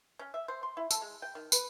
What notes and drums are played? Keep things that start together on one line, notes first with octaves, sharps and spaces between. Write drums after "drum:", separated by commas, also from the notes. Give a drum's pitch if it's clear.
C#4
E5
C5
C6
E4
A4, drum: tambourine
G#3
G5
D#3
B4, drum: tambourine